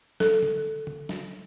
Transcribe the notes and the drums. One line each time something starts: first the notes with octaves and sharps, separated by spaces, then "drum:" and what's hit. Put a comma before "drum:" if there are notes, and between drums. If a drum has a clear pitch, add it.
A4, drum: snare
drum: tom D3
drum: tom D3
drum: snare